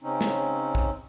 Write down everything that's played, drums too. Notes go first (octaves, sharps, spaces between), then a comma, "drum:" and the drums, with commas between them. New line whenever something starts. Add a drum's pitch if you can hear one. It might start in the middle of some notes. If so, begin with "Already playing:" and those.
C#3 C4 C#4 D#4
drum: snare
drum: kick A#1